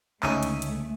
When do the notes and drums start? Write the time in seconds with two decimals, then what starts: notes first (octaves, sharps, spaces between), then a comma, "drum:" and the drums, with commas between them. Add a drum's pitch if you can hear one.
0.23 C#2 D3 A3 C#4 D#4 E5 G#5 D#7, drum: clap
0.43 drum: hi-hat
0.62 drum: hi-hat